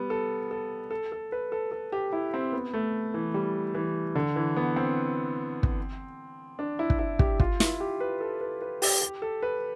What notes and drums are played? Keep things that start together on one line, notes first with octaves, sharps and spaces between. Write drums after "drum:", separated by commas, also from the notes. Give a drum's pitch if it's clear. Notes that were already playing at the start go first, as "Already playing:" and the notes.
Already playing: G3 B3
A4
A4
A4
A4
B4
A4
A4
G4
E4
C4
B3
A3
E3
G3
E3
D3
E3
B3
C4
drum: kick
D4
E4
drum: kick
E4
G4, drum: kick
F4, drum: kick
E4, drum: snare
G4
B4
A4
B4
B4
G4, drum: open hi-hat
G4
A4
B4